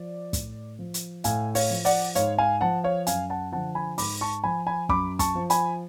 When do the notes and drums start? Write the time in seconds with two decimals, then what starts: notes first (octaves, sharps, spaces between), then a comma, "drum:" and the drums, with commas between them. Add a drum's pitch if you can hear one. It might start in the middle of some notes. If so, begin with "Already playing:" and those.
Already playing: F3 D5
0.33 A2, drum: kick, hi-hat
0.79 F3
0.94 drum: hi-hat
1.24 A2 F5 G#5, drum: hi-hat
1.55 C#5 F5, drum: open hi-hat
1.70 F3
1.85 D5 F#5, drum: open hi-hat
2.15 G#2 C#5 F5, drum: hi-hat
2.38 F5 G#5
2.61 F3 F#5 A5
2.84 C#5 F5
3.07 F#2 F5 G#5, drum: hi-hat
3.30 F#5 A5
3.52 D3 F3 F#5 A5
3.75 G#5 B5
3.98 G#2 B5 D6, drum: open hi-hat
4.21 A5 C#6
4.43 F3 G#5 B5
4.67 G#5 B5
4.89 F#2 B5 D6, drum: kick
5.19 A5 C#6, drum: kick, hi-hat
5.35 F3
5.50 G#5 B5, drum: hi-hat